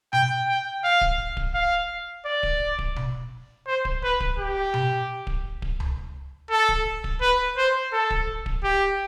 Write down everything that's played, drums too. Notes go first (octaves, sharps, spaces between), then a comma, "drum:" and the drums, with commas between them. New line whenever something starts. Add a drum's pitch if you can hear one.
G5, drum: tom B2
G5
F5
drum: kick D1
drum: kick D1
F5
D5
drum: kick D1
drum: kick D1
drum: tom B2
C5
drum: kick D1
B4
drum: kick D1
G4
drum: tom B2
drum: kick D1
drum: kick D1
drum: tom C#2
A4
drum: kick D1
drum: kick D1
B4
C5
A4
drum: kick D1
drum: kick D1
G4